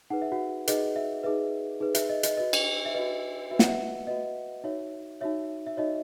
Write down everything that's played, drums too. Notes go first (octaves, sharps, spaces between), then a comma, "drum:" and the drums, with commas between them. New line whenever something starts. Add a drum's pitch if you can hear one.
D#4 G#4 B4 F#5
E5
F#4 F#5
D#4 G#4 B4 D#5, drum: hi-hat
E5
D#4 G#4 B4 E5
D#4 G#4 B4
E5, drum: hi-hat
D#5
D#5, drum: hi-hat
F#4 B4 D#5
drum: cymbal
E5
F#4 B4 D#5
F#4 B4 E5
F#5, drum: snare
E5
F#4 B4 D#5
D#4 F#4 C#5 E5
D#4 F#4 C#5 E5
E5
D#4 F#4 C#5 D#5